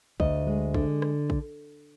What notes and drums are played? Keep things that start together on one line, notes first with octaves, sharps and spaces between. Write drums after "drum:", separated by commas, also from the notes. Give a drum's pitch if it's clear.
D2 D#5, drum: kick
G#3
D3, drum: kick
drum: rim click
drum: kick